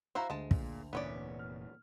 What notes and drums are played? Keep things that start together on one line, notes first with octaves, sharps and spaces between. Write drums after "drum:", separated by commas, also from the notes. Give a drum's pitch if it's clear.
E4 F#4 C5 F5 A#5
D2 G#3 A5
A#2, drum: kick
F1 A#2 E3 B3 C#4 D5
F6